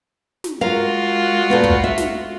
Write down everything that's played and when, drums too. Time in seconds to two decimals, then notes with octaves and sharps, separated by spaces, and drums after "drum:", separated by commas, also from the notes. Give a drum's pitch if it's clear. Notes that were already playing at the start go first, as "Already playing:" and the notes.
0.44 drum: snare
0.61 G#3 F4 F#4 A#4 F5
1.50 A#2 A3 B3
1.64 drum: kick
1.84 E5
1.98 drum: snare